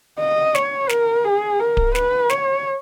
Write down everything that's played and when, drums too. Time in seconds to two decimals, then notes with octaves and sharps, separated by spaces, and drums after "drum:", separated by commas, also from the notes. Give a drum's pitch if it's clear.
0.19 D#5
0.55 C#5, drum: snare
0.90 A#4, drum: snare
1.24 G#4
1.60 A#4
1.77 drum: kick D1
1.95 B4, drum: snare
2.30 C#5, drum: snare